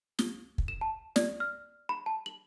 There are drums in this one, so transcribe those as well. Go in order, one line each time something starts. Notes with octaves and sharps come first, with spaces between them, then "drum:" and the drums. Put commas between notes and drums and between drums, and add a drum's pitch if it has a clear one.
G7, drum: snare
drum: kick
E7
A5
D5, drum: snare
F6
B5
A5
F#7